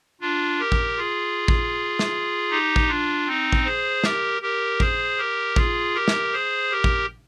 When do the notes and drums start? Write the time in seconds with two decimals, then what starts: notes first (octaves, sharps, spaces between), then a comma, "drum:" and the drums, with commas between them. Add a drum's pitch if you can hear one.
0.21 D4 F4
0.59 G4 A#4
0.72 drum: kick A1
0.97 F4 G#4
1.48 drum: kick A1
1.99 drum: snare
2.50 D#4 G4
2.76 drum: kick A1
2.88 D4 F4
3.27 C4 D#4
3.52 drum: kick A1
3.65 G#4 C5
4.04 G4 A#4, drum: snare
4.41 G4 A#4
4.80 G#4 C5, drum: kick A1
5.18 G4 A#4
5.56 F4 G#4, drum: kick A1
5.94 G4 A#4
6.08 drum: snare
6.33 G#4 C5
6.71 G4 A#4
6.84 drum: kick A1